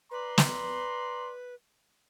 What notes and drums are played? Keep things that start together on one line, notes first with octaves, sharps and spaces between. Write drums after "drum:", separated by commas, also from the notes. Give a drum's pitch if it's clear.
B4 D5 A#5 C6
drum: snare